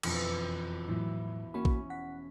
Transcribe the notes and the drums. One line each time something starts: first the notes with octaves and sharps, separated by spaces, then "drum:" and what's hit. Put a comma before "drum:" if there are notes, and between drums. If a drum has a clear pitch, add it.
E1 F2, drum: cymbal
A2 E3 F#3 E4
A#3 C#4 F#4 B5
drum: kick A#1
F#5 B6